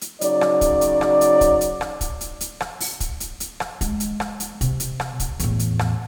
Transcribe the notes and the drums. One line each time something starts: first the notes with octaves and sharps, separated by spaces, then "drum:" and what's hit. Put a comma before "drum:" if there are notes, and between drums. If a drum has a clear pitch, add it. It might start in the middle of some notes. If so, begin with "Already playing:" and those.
drum: hi-hat
C#3 F#3 D#4 D5, drum: hi-hat
drum: rim click
drum: kick, hi-hat
drum: hi-hat
drum: rim click
drum: hi-hat
drum: kick, hi-hat
drum: hi-hat
drum: rim click
drum: kick, hi-hat
drum: hi-hat
drum: hi-hat
drum: rim click
drum: open hi-hat
drum: kick, hi-hat
drum: hi-hat
drum: hi-hat
drum: rim click
G#3, drum: kick, hi-hat
drum: hi-hat
drum: rim click
drum: hi-hat
C3, drum: kick, hi-hat
drum: hi-hat
drum: rim click
drum: kick, hi-hat
E2 A2, drum: hi-hat
drum: hi-hat
drum: rim click